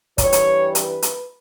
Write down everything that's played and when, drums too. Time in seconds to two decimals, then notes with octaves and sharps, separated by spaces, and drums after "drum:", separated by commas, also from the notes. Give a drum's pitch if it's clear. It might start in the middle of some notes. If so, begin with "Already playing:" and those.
0.18 G2 E3 G3 C#5, drum: kick, hi-hat
0.32 drum: hi-hat
0.75 B4, drum: hi-hat
1.02 drum: hi-hat